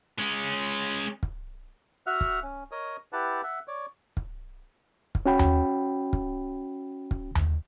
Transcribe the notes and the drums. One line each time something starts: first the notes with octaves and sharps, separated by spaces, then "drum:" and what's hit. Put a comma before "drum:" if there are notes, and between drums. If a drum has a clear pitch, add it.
G#3 C#4
drum: kick
F#4 E5 F#5 F6
drum: kick
C#4
A#4 C#5 D#5 D#6
E4 G4 B4 F#5 A5
E5 F#5
C#5 D5
drum: kick
drum: kick
C#4 F#4 G5 B5
drum: tom D#2
drum: kick
drum: kick
drum: tom D#2